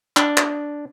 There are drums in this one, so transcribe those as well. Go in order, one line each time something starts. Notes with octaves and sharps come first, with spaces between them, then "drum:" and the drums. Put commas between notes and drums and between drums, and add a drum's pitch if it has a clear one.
D4, drum: clap
drum: clap